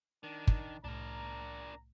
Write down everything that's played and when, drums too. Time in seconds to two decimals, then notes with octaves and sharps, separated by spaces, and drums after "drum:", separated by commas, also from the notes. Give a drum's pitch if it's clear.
0.23 D#3 D4
0.47 drum: kick
0.84 C2 A2 D4 A#4 A#5